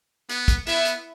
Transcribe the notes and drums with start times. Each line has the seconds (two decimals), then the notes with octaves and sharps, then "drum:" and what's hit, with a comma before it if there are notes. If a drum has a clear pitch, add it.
0.29 B3, drum: hi-hat
0.48 drum: kick, hi-hat
0.67 B3 E4 E5, drum: hi-hat
0.85 drum: hi-hat